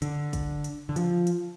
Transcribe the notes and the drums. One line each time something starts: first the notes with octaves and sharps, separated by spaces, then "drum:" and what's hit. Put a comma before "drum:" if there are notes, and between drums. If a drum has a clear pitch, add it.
D3, drum: hi-hat
drum: kick, hi-hat
drum: hi-hat
D3
F3, drum: hi-hat
drum: hi-hat